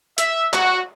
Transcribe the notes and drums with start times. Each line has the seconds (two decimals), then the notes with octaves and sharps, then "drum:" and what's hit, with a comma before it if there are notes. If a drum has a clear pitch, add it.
0.18 E5, drum: hi-hat
0.53 F#4, drum: clap